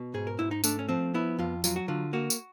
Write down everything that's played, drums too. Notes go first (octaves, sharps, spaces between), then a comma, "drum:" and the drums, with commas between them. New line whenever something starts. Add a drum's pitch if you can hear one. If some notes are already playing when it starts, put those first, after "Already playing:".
Already playing: B2
G#2 G#4
A#4
G#2 E4
D#4
A3 D4, drum: tambourine
C#4
F3 C4
B3 E4
F2 F4
F#3 F4, drum: tambourine
F#4
D3 F4
A#3 F#4
drum: tambourine